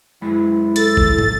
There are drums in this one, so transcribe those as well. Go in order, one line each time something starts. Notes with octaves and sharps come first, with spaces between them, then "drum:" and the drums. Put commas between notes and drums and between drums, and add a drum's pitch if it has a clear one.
F#2 G#3 E4 B5
A4 A6, drum: hi-hat
drum: kick G#1
drum: tom